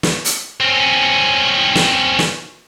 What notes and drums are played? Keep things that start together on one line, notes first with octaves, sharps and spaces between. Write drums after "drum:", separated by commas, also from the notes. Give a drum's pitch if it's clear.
drum: snare
drum: hi-hat
C4 C#4
drum: snare
drum: snare